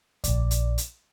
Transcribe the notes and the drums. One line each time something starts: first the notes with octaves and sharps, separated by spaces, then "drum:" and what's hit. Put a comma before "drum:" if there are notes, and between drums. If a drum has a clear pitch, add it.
A#1 D5, drum: kick C#2, hi-hat
drum: hi-hat
drum: hi-hat